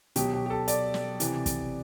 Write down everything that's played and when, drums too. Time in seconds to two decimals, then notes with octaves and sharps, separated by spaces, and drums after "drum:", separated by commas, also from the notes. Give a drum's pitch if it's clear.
0.16 B2 F#3 G4, drum: hi-hat
0.33 G4
0.46 G4
0.50 A4
0.68 D5, drum: hi-hat
0.94 drum: snare
1.20 C3 E3, drum: hi-hat
1.46 drum: kick, hi-hat